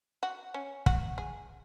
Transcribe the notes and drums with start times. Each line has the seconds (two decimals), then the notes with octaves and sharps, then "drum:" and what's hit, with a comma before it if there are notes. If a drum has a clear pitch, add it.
0.23 F#4
0.54 C#4
0.86 F#4, drum: kick
1.18 G#4